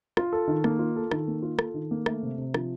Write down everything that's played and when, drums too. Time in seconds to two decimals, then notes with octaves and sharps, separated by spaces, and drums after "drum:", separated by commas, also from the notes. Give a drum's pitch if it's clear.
0.17 F4, drum: rim click
0.33 A4
0.47 D#3
0.64 A#3, drum: rim click
0.79 F4
0.96 A4
1.11 D#3, drum: rim click
1.28 A#3
1.42 F4
1.59 A4, drum: rim click
1.74 D#3
1.91 A#3
2.06 A3, drum: rim click
2.22 C3
2.38 C3
2.54 F3, drum: rim click